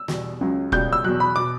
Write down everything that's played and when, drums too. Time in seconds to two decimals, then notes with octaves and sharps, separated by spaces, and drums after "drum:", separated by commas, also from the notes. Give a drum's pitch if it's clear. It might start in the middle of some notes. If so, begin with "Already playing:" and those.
Already playing: E6
0.08 E2 B2 G3, drum: snare
0.41 C#2 C#3 F#3
0.72 C#2 B2 G3 G6, drum: kick E1
0.93 E6
1.04 E2 B2 F#3 F#6
1.20 B5
1.36 B2 D6